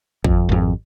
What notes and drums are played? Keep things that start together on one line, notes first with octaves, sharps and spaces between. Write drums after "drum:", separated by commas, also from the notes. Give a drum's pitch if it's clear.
F2, drum: kick
G#1 F2